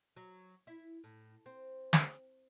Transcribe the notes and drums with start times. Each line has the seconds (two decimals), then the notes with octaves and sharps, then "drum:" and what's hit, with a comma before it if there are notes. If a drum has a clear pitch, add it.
0.16 F#3
0.67 E4
1.04 A2
1.46 C4
1.93 drum: snare